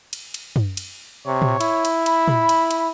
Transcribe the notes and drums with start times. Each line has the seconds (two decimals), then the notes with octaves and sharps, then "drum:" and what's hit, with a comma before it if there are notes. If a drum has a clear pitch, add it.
0.13 drum: cymbal
0.34 drum: cymbal
0.56 drum: tom
0.77 drum: cymbal
1.26 C3 C#5
1.42 drum: tom
1.61 E4, drum: cymbal
1.85 drum: cymbal
2.06 B5, drum: cymbal
2.28 drum: tom
2.49 drum: cymbal
2.71 drum: cymbal